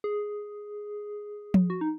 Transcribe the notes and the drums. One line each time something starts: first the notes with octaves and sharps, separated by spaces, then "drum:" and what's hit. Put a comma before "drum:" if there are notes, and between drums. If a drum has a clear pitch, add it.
G#4
drum: tom F3
F#4
D#4